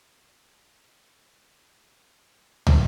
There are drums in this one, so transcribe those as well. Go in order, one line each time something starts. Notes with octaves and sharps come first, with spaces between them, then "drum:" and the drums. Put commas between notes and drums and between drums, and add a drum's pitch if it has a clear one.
F3 F#4 G#4 C#5
drum: tom